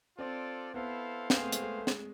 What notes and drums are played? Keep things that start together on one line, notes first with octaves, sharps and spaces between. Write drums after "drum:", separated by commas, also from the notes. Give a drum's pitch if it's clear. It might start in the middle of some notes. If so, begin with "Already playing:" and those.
C4 F4 A4 D5
B3 E4 A4 C5 F5
B3 C4 G#4 C5 F5, drum: snare
A3
G#3, drum: hi-hat
A3
A3
G#3, drum: snare